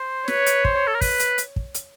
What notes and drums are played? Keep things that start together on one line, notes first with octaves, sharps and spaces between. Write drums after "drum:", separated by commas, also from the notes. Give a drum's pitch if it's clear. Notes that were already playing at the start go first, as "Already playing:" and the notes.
Already playing: C5
B4 C#5, drum: snare
drum: hi-hat
C5, drum: kick
A4
A#4
B4, drum: kick, open hi-hat
drum: hi-hat
drum: hi-hat
drum: kick
drum: hi-hat